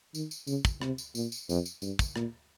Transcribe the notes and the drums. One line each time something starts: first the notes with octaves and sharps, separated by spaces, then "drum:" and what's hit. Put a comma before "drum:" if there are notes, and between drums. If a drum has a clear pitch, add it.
D#3, drum: tambourine
drum: tambourine
C#3, drum: tambourine
drum: kick, tambourine
C3, drum: rim click
drum: tambourine
A#2, drum: tambourine
drum: tambourine
F2, drum: tambourine
drum: tambourine
G2, drum: tambourine
drum: kick, tambourine
A#2, drum: rim click